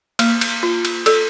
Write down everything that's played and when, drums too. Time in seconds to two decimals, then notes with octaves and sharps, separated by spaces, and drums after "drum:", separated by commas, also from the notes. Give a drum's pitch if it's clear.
0.19 A#3, drum: cymbal
0.41 drum: cymbal
0.63 F4
0.85 drum: cymbal
1.06 A4, drum: cymbal